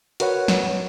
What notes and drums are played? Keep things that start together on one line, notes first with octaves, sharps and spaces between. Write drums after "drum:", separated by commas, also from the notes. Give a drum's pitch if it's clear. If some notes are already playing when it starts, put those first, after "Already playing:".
F#4 A#4 B4 C#5 F#5, drum: hi-hat
drum: snare